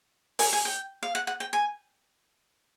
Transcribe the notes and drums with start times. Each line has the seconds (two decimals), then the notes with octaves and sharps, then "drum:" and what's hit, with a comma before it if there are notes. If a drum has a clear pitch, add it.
0.39 G#5, drum: open hi-hat
0.53 G#5
0.65 G5
1.03 F5
1.15 F#5
1.27 F#5
1.40 G5
1.53 G#5